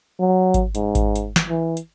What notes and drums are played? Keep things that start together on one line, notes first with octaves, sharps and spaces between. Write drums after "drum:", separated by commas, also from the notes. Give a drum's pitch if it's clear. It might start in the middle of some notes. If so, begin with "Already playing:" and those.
F#3
drum: kick G#1, hi-hat
G#2, drum: hi-hat
drum: kick G#1, hi-hat
drum: hi-hat
drum: snare
E3
drum: hi-hat